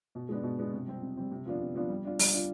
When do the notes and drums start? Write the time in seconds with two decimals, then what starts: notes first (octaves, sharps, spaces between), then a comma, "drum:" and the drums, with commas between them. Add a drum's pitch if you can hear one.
0.15 B2
0.29 G#3 B3 D4
0.43 B2
0.59 G#3 B3 D4
0.73 C3
0.87 G3 C4
1.02 C3
1.17 G3 C4
1.32 C3
1.45 F3 B3 D4 F4
1.60 C3
1.75 F3 B3 D4 F4
1.89 G3
2.05 D4 F4
2.19 G3, drum: open hi-hat
2.33 D4 F4